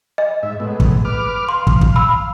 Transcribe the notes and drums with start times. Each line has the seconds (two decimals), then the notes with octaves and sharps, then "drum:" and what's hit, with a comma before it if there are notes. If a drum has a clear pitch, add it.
0.18 D#5
0.43 G#2 E5
0.60 A2 G#3 B3
0.80 drum: kick
1.05 B4 D6 F6
1.49 F5 C6
1.67 drum: kick
1.81 drum: kick
1.96 B5 E6